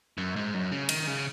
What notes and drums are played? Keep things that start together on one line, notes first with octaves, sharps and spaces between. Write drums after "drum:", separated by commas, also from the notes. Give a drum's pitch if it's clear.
F#2
G#2
F#2
C#3
D#3, drum: cymbal
C#3